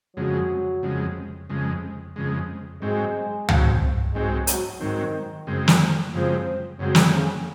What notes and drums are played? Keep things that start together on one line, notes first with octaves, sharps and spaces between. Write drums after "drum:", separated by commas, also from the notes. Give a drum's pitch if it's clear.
F2 C#3 F#3 G#3
F2 C#3 G#3
F2 C#3 G#3
F2 C#3 G#3
G#2 F#3 G#3 C4
G#2 F#3 C4, drum: tom C#2
G#2 F#3 G#3 C4
F#3, drum: hi-hat
G#2 D#3 F#3 C4
F#2 C#3 G#3 C4
drum: snare
F#2 C#3 F3 G#3 C4
F#2 C#3 F#3 G#3 C4
drum: snare
C#3